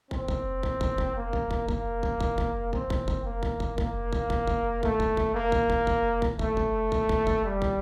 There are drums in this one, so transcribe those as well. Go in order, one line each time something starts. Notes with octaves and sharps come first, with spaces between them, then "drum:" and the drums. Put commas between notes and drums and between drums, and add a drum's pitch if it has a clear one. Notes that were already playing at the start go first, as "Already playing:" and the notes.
C4, drum: kick
drum: kick
drum: kick
drum: kick
drum: kick
A#3
drum: kick
drum: kick
A#3, drum: kick
drum: kick
drum: kick
drum: kick
C4, drum: kick
drum: kick
drum: kick
A#3
drum: kick
drum: kick
A#3, drum: kick
drum: kick
drum: kick
drum: kick
A3, drum: kick
drum: kick
drum: kick
A#3
drum: kick
drum: kick
drum: kick
drum: kick
A3, drum: kick
drum: kick
drum: kick
drum: kick
drum: kick
G3
drum: kick